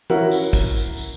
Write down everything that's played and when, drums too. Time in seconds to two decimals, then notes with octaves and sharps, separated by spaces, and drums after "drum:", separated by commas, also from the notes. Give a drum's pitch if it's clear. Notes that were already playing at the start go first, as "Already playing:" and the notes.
0.10 C#4 E4 F#4 A#4 E5 F#5, drum: tom E3
0.31 drum: tambourine
0.53 drum: kick, tambourine
0.75 drum: tambourine
0.97 drum: tambourine